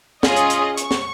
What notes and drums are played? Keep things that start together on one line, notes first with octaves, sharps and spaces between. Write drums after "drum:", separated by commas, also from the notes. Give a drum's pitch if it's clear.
C#4 F4 G#4 D#5, drum: snare
drum: hi-hat
drum: hi-hat
C#6, drum: hi-hat
drum: snare